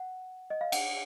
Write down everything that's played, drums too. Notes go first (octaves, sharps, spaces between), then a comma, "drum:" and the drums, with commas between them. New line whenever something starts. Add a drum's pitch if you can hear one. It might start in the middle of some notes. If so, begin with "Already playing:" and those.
Already playing: F#5
D#5
F5
F#5, drum: cymbal